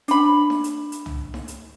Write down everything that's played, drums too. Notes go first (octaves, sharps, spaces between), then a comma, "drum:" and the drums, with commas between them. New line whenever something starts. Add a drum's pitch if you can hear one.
D4 B5, drum: hi-hat
drum: snare D#4
drum: hi-hat
drum: hi-hat
drum: tom
drum: snare D#4
drum: hi-hat